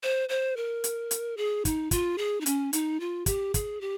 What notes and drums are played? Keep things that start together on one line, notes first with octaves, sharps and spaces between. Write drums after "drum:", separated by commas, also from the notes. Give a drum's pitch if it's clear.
C5
C5
A#4
drum: hi-hat
drum: hi-hat
G#4
D#4, drum: kick, hi-hat
F4, drum: kick, hi-hat
G#4
D#4
C#4, drum: hi-hat
D#4, drum: hi-hat
F4
G4, drum: kick, hi-hat
G#4, drum: kick, hi-hat
G4